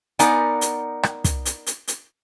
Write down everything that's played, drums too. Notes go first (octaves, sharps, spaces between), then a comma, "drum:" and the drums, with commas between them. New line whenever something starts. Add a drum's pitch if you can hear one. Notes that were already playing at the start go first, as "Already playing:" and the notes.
B3 D#4 A#4 D5 F#5 G#5, drum: hi-hat
drum: hi-hat
drum: rim click
drum: kick, hi-hat
drum: hi-hat
drum: hi-hat
drum: hi-hat